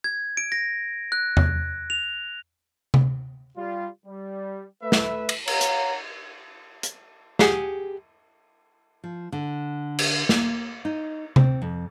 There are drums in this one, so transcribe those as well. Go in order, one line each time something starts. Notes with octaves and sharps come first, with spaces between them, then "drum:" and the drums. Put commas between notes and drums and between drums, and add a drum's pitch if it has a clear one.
G#6
D7
A#6
F#6
drum: tom E2
F7
drum: tom C3
G3 F4
G3
A3 B4 E5
drum: snare
drum: cymbal
C#5 F5 F#5 A#5, drum: cymbal
drum: hi-hat
drum: hi-hat
G4 G#4 F#5 G#5, drum: snare
F3
D3
drum: cymbal
A#3, drum: snare
D#4
C4, drum: tom C3
F2